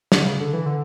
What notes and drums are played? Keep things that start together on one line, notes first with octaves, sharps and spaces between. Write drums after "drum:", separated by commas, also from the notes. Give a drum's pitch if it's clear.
D3, drum: snare
C#3
D3
E3
D3